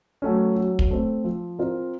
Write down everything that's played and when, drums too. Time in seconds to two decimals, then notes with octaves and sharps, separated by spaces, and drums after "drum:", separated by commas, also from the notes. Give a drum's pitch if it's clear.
0.22 F#3 A3 C#4
0.56 F#3
0.79 drum: kick
0.90 A3 C4
1.24 F3
1.59 C4 F4 A#4